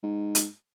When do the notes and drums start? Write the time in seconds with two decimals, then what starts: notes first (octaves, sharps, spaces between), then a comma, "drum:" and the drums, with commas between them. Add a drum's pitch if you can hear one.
0.03 G#2
0.35 drum: hi-hat